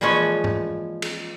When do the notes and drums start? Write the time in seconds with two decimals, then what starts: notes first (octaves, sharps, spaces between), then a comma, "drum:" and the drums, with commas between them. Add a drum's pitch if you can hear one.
0.01 A#2 E3 F3 G#3 C#4 C#5
0.44 drum: tom G#2
1.02 drum: cymbal